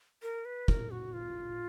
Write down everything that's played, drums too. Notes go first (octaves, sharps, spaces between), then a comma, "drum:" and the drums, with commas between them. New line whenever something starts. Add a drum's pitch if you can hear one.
A#4
B4
A#4, drum: kick
F#4
F4